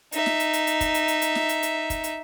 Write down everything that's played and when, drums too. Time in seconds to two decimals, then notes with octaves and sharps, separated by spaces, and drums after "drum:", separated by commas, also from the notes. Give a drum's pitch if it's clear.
0.12 D#4 E5, drum: hi-hat
0.26 drum: snare
0.40 drum: hi-hat
0.53 drum: hi-hat
0.67 drum: hi-hat
0.81 drum: kick, hi-hat
0.94 drum: hi-hat
1.08 drum: hi-hat
1.22 drum: hi-hat
1.35 drum: snare
1.49 drum: hi-hat
1.63 drum: hi-hat
1.90 drum: kick, hi-hat
2.04 drum: hi-hat